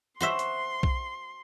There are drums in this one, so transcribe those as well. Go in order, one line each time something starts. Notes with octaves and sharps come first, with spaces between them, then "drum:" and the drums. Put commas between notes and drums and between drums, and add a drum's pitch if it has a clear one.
F#4 C5 E5 C6
drum: hi-hat
drum: kick B1